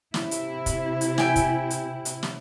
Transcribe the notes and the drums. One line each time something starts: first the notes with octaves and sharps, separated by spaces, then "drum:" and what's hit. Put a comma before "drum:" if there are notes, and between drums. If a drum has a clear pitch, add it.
C3 E4, drum: snare
drum: hi-hat
drum: kick, hi-hat
drum: hi-hat
G5 G#5, drum: snare
drum: kick, hi-hat
drum: hi-hat
drum: hi-hat
drum: snare